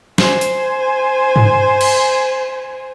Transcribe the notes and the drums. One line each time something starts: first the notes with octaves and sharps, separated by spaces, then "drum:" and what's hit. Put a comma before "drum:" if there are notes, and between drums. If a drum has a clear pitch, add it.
C5 G#5, drum: snare
drum: hi-hat
drum: tom G2
drum: cymbal